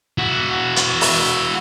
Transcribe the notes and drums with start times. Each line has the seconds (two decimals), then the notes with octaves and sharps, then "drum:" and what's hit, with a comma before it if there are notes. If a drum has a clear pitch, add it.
0.18 E4 F#4
0.76 drum: hi-hat
1.01 drum: open hi-hat